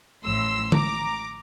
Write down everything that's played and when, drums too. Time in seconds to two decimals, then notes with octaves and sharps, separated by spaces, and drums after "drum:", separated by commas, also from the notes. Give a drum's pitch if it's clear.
0.24 A1 A2 F3 C6 E6
0.72 A#5 D6, drum: tom D3